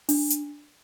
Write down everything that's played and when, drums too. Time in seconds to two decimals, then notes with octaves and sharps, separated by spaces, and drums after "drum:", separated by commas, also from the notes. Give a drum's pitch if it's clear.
0.09 D4, drum: open hi-hat
0.30 drum: hi-hat